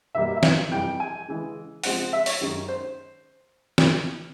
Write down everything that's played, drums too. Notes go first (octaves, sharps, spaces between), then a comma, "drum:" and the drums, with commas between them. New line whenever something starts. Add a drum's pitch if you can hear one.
E2 B2 G3 A#3 E5
E5
F5, drum: snare
F2 C3 E3 G3 G5
G#5
C#3 E3 G#3
C#3 F3 G#3 C4 F#5, drum: open hi-hat
E5
C#5, drum: open hi-hat
F#2 D#3 G#3 C#4
C5
drum: snare